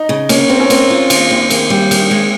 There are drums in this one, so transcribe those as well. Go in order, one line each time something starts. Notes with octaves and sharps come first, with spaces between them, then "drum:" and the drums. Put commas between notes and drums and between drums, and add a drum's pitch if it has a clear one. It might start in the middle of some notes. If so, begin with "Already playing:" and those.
Already playing: D#4
C#3
A#3 C#4, drum: cymbal
C4 A#4
C#4
A#3 C4, drum: cymbal
F4
D#3, drum: cymbal
D#2
D#2 A#3, drum: cymbal
G3
D#3, drum: cymbal
G#3